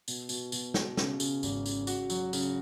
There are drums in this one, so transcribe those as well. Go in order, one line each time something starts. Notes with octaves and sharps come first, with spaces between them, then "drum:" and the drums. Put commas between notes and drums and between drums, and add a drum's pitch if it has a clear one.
B2, drum: tambourine
B2, drum: tambourine
B2, drum: tambourine
B2, drum: snare
C#3, drum: snare
C#3, drum: tambourine
G#1, drum: tambourine
C#3, drum: tambourine
F#4, drum: tambourine
F#3, drum: tambourine
C#3, drum: tambourine